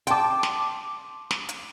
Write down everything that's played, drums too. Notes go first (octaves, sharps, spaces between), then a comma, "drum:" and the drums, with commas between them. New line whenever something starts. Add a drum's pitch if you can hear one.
G5 A5 C6 D6, drum: hi-hat
drum: snare
drum: snare
drum: hi-hat